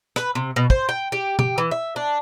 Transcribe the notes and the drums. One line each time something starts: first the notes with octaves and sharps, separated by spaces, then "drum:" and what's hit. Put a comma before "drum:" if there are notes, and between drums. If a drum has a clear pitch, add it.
B4, drum: rim click
C3
B2
C5, drum: kick
G5
G4
G4, drum: tom
E3
E5
D4